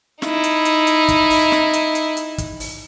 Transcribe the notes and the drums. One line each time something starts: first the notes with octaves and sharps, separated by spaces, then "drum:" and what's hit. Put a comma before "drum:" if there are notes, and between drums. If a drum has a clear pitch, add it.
D#4 E4, drum: snare
drum: hi-hat
drum: hi-hat
drum: hi-hat
drum: kick, hi-hat
drum: open hi-hat
drum: snare
drum: hi-hat
drum: hi-hat
drum: hi-hat
drum: kick, hi-hat
drum: open hi-hat